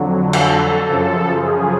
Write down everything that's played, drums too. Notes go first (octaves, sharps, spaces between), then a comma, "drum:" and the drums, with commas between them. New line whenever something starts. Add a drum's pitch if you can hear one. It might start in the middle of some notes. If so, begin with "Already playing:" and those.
Already playing: F2 D3 F#3
A4, drum: cymbal
F#2 C#3 F3
G#4